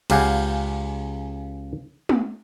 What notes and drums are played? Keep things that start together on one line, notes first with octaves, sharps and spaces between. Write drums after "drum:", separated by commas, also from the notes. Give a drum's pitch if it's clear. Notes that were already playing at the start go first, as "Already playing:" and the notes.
C#2 C#3 G4 F5 F#5 G#5, drum: cymbal
drum: tom